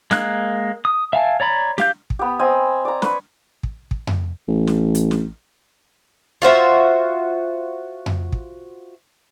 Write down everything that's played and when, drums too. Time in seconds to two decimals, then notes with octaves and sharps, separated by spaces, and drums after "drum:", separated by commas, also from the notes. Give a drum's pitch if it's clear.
0.11 G#3 A#3 F#6, drum: snare
0.85 D#6
1.13 E5 F5 G#5 A5
1.40 C#5 D5 A#5 B5
1.78 G4 F5 G6, drum: snare
2.10 drum: kick
2.19 B3 G4
2.39 C4 D#5 G#5
2.85 D5 A#5
3.02 B4 C#6, drum: snare
3.63 drum: kick
3.91 drum: kick
4.07 drum: tom F2
4.48 A1
4.67 drum: snare
4.95 drum: hi-hat
5.11 drum: snare
6.42 F4 F#4 C5 E5
8.06 drum: tom F2
8.32 drum: kick